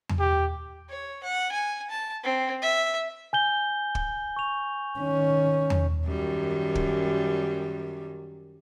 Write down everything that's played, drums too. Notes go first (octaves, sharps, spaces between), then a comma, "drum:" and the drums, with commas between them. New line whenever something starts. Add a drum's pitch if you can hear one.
drum: tom E2
G4
C#5
F#5
G#5
A5
C4
E5
G#5 G6 G7
drum: kick
C#6 F7
D#3 C#4
drum: tom E2
F#2 D#3 G3
drum: kick